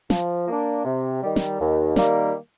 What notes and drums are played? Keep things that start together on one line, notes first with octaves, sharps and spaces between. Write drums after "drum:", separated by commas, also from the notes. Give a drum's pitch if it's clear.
F3, drum: snare
A#3 D4
C3
D#3 G3
drum: snare
D#2
D#3 G3 A#3, drum: snare